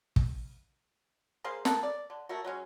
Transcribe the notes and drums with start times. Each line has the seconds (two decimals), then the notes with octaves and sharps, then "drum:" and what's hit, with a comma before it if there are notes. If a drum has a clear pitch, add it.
0.16 drum: kick
1.44 A#3 G#4 C5 F5
1.65 A4 A#4 F#5 A5, drum: snare
1.83 D5
2.10 D3
2.29 A3 A#3 F#4
2.44 F#3 G#3 C#4